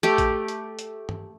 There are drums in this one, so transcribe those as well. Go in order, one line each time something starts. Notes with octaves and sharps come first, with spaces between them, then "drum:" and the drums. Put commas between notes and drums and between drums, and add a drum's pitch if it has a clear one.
A3 G4
drum: kick, hi-hat
drum: hi-hat
drum: hi-hat
drum: tom G2